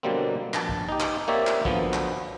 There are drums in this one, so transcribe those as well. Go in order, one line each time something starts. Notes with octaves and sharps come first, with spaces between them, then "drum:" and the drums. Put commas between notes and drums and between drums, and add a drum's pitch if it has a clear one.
B2 D3 F#3 G3 A#3 C4
A#1 A5, drum: clap
drum: kick
D#4 G4
drum: clap
A#3 C4 G4 C#5 D5 E5
drum: clap
D3 F3 F#3 B3, drum: kick
drum: clap